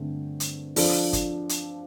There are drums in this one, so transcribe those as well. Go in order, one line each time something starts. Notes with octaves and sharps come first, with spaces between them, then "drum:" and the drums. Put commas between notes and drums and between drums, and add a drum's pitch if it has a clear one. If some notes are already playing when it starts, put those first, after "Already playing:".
Already playing: G2 D3 A3 C4
drum: hi-hat
F3 D4 A4 C5, drum: open hi-hat
drum: kick G1, hi-hat
drum: hi-hat